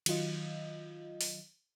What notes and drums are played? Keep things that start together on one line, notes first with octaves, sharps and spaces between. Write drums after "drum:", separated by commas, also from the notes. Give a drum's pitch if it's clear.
D#3 F#3 F4 D#5, drum: cymbal
drum: open hi-hat